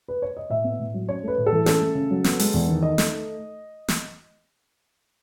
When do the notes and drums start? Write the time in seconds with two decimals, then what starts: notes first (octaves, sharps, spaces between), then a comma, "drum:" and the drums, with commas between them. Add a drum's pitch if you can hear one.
0.08 B4
0.22 C#5
0.37 D#5
0.50 A2 E5
0.64 B3
0.79 A2
0.94 F#3
1.08 C#4 C#5
1.23 A3 B4
1.38 A2
1.46 A4
1.52 E3
1.66 C#4 A4, drum: snare
1.81 A3
1.95 C#3
2.11 F#3
2.24 B3, drum: snare
2.39 G#3, drum: open hi-hat
2.54 E2
2.68 D#3
2.83 D#4 D#5
2.98 A3, drum: snare
3.88 drum: snare